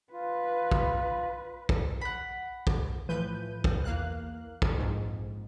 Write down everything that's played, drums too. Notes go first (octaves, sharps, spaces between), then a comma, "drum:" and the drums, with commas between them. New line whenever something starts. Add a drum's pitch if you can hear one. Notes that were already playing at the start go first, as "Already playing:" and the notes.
F4 B4
drum: kick
drum: kick
F#5 B5
drum: kick
A2 E3 F3 B4 G6 D#7
drum: kick
E2 A#3 F5 F#6
drum: kick
A#1 F2 G#2